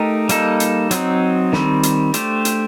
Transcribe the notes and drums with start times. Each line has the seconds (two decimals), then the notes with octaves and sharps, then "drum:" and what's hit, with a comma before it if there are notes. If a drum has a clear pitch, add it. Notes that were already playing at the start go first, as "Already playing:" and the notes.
Already playing: A3 D#4 G4 A#4
0.29 G3 A#3 D#4 A4, drum: hi-hat
0.60 drum: hi-hat
0.91 F#3 C4 D#4, drum: hi-hat
1.53 D#3 G3 C4, drum: snare
1.83 drum: hi-hat
2.14 A3 D4 G4 C5, drum: hi-hat
2.45 drum: hi-hat